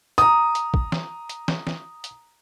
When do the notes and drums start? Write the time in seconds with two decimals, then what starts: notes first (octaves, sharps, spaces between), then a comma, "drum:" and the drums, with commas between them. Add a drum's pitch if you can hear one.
0.18 A#5 D#6, drum: hi-hat
0.55 drum: hi-hat
0.74 drum: kick
0.92 drum: snare
1.29 drum: hi-hat
1.48 drum: snare
1.67 drum: snare
2.04 drum: hi-hat